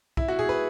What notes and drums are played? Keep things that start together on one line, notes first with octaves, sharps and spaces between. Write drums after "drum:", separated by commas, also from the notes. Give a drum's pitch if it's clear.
E4, drum: kick
F#4
G#4
B4